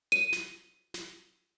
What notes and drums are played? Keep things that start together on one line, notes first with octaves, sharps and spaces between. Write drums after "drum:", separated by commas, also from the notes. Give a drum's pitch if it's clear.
D#7
drum: snare
drum: snare